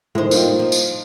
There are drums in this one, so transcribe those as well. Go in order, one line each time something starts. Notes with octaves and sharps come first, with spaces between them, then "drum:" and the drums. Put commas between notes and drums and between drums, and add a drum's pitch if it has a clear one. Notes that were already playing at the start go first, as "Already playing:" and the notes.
A2 D#3 G#3 C5
G3 A#3 D#4 F4, drum: tambourine
F3
drum: tambourine